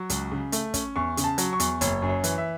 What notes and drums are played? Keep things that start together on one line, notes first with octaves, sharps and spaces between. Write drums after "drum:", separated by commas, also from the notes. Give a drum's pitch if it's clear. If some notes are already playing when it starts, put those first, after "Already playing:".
Already playing: F#3
C#2, drum: hi-hat
C#3
A3, drum: hi-hat
C#4, drum: kick, hi-hat
E2 C#6
C#3, drum: hi-hat
A5
F#3, drum: hi-hat
C#6
E2, drum: hi-hat
F#1 C#5, drum: hi-hat
F#2
C#5
E3, drum: hi-hat
E5